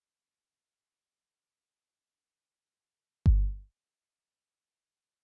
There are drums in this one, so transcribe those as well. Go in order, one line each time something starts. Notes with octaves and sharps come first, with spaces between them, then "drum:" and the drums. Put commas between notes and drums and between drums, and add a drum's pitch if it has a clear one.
D4
G4
F#1
A#2
F2 G#2 F#3 C4
drum: kick G1
C5 D5 E5 G5